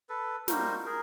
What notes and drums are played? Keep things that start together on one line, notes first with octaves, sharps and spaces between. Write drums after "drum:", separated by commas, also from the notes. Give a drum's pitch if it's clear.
A4 B4
G3 A#3 D#4 F#4 A#4 C5, drum: snare
G#4 A#4